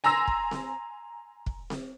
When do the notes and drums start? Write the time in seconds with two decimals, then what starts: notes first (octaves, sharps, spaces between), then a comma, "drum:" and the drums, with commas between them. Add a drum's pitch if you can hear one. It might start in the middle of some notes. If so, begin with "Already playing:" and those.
0.04 G#5 A#5 C6 E6 A#6
0.27 drum: kick
0.51 drum: snare C4
1.46 drum: kick
1.70 drum: snare C4